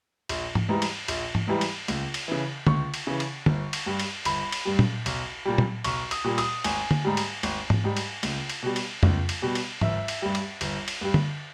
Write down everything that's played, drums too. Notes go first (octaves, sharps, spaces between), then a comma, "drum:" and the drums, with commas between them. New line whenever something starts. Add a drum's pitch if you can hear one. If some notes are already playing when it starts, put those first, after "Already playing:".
A#1, drum: cymbal
drum: tom G#2
G#2 E3 G3
drum: cymbal
A#1, drum: cymbal
drum: tom G#2
G#2 E3 G3
drum: cymbal
C#2, drum: cymbal
drum: cymbal
C#3 E3
C#2 C#6, drum: tom D3
drum: cymbal
C#3 E3
drum: cymbal
G1, drum: tom D3
drum: cymbal
G2 G3
drum: cymbal
G1 B5, drum: cymbal
drum: cymbal
G2 G3
drum: tom A#2
B1, drum: cymbal
A#2 G3
drum: tom A#2
B1 C#6, drum: cymbal
D#6, drum: cymbal
A#2 G3
D#6, drum: cymbal
G#1 G#5, drum: cymbal
drum: tom D3
G#2 G3
drum: cymbal
G#1, drum: cymbal
drum: tom G#2
G#2 G3
drum: cymbal
C#2, drum: cymbal
drum: cymbal
B2 G3
drum: cymbal
C#2, drum: tom F2
drum: cymbal
B2 G3
drum: cymbal
G1 E5, drum: tom G#2
drum: cymbal
G2 G3
drum: cymbal
G1, drum: cymbal
drum: cymbal
G2 G3
drum: tom D3